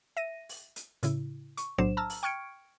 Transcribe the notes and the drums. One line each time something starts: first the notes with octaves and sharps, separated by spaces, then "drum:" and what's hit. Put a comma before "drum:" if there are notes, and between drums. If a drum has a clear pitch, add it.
E5 A#6 D#7
drum: open hi-hat
drum: hi-hat
A2 C#3 E4, drum: hi-hat
C#6, drum: hi-hat
B1 A2 F#3 D4 C5 E7
A5 A#5 E6 F6
drum: open hi-hat
G5 C#6 F6 G#6 C#7 D7